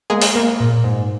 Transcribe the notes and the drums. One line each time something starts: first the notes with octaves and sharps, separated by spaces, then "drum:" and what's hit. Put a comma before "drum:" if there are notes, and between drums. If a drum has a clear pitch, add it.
G#3 A#3 G#4
drum: open hi-hat
A#3
A#2
G#2